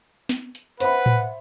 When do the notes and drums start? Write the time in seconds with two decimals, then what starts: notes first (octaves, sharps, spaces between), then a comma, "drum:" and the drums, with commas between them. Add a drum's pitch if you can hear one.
0.29 drum: snare
0.55 drum: hi-hat
0.80 B4 C5 E5 F#5 B5, drum: hi-hat
1.06 drum: tom A2